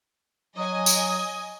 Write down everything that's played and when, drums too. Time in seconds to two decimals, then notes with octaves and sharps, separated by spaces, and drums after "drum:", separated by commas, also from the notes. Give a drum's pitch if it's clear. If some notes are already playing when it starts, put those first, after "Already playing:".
0.56 F#3 D#5 G#5 D#6
0.86 drum: tambourine